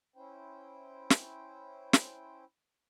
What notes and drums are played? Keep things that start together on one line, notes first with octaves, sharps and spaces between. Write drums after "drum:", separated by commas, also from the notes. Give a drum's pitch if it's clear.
C#4 E4 C5 G5
drum: snare
drum: snare